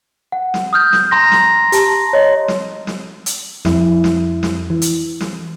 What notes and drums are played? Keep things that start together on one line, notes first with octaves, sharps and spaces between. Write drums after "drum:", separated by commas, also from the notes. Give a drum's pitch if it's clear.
F#5
drum: snare
D#6 F6 G6
drum: snare
A#5 C6 A#6
drum: snare
G4 A5, drum: hi-hat
C#5 D#5
drum: snare
drum: snare
drum: hi-hat
F2 E4, drum: snare
drum: snare
drum: snare
E3
drum: hi-hat
drum: snare